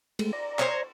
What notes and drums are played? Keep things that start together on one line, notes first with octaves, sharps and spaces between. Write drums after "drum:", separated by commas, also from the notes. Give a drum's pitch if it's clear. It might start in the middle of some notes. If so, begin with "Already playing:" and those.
G#3 A3, drum: cymbal
D5 A#5
C5 C#5, drum: clap